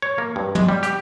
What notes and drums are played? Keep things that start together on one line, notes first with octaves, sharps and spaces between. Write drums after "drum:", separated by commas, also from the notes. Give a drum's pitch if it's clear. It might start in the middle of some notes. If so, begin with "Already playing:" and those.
C#5
A#3
G2
G#3, drum: tom
G3
G4, drum: hi-hat